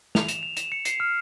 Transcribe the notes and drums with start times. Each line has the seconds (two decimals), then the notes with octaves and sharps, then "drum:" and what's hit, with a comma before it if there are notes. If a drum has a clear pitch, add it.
0.15 F7, drum: snare
0.29 E7, drum: hi-hat
0.43 F7
0.57 E7, drum: hi-hat
0.72 C#7
0.85 C7, drum: hi-hat
1.00 F6